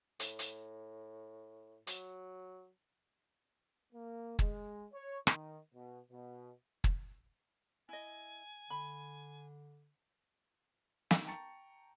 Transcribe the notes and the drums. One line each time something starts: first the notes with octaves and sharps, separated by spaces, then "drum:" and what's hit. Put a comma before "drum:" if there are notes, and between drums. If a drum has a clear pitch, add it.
A2, drum: hi-hat
drum: hi-hat
F#3, drum: hi-hat
A#3
G#3, drum: kick
C#5
D#3, drum: rim click
B2
B2
drum: kick
E4 D#5 G#5
D3 B5
D#4 E6, drum: snare
G5 A5 A#5 C#6 A6 C#7